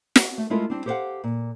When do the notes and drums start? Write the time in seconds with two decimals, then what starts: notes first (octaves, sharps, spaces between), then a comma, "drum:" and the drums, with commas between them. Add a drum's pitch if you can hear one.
0.16 drum: snare
0.38 A3
0.50 G#3 A3 E4 F4 A4 A#4
0.70 G3 C4 D4
0.86 G4 A4 C5 C#5 F5 F#5
1.24 A#2